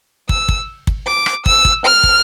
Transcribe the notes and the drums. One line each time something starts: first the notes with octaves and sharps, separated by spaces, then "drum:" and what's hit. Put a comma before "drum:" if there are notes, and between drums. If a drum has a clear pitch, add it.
E6, drum: kick
drum: kick
drum: kick
D6
drum: rim click
E6, drum: kick
drum: kick
F6
drum: kick